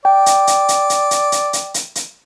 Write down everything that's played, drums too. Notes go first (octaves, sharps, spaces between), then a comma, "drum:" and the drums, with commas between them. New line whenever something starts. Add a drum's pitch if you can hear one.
D5 G5
drum: hi-hat
drum: hi-hat
drum: hi-hat
drum: hi-hat
drum: hi-hat
drum: hi-hat
drum: hi-hat
drum: hi-hat
drum: hi-hat